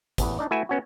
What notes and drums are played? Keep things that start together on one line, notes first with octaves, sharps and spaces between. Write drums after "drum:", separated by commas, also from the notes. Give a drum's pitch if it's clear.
A1 E2 B4, drum: kick, hi-hat
D4 D#4 D5
A3 E4 F#4 B4 E5 G#5
B3 C#4 F#4